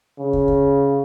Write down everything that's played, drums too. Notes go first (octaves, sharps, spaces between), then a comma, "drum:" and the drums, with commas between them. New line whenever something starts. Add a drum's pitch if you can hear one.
C#3
drum: kick
drum: kick